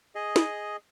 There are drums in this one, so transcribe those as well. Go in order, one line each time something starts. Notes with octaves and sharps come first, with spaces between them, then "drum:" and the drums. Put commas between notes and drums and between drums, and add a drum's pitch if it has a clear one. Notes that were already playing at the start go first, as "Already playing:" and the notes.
G#4 D#5
drum: snare